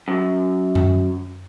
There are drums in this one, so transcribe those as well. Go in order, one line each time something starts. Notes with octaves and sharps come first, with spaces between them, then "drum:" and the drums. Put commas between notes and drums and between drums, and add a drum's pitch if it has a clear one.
F#2
drum: tom F#2